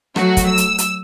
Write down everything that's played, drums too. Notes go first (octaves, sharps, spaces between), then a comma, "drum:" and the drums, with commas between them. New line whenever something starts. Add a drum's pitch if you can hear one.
F#3 A3 F#4, drum: rim click
drum: kick, hi-hat
E6
drum: hi-hat
drum: hi-hat